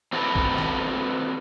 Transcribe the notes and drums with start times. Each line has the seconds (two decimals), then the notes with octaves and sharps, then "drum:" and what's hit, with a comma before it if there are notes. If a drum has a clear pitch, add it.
0.13 C4 E4 F#4 G4 A4 B4
0.35 drum: kick A1
0.58 drum: snare